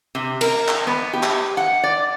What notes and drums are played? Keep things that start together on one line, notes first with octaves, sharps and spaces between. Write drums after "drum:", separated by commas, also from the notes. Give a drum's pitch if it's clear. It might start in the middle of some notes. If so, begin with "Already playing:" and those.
C3
A#4, drum: cymbal
drum: clap
B3
G4
drum: clap
F#5
D5